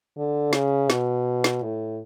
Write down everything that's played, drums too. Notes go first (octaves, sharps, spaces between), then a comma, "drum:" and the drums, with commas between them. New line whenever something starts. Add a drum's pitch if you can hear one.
D3
C#3, drum: snare
B2, drum: snare
drum: snare
A2